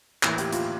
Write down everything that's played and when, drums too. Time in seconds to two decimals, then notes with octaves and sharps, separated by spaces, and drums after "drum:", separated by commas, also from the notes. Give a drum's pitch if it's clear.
0.23 A2 E3 A#3 E4, drum: clap
0.38 G4, drum: hi-hat
0.52 F4, drum: hi-hat